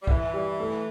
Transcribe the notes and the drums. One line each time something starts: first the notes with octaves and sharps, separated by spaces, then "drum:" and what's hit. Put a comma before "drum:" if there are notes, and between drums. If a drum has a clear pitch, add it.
G3
E3 E4, drum: kick
G3
A3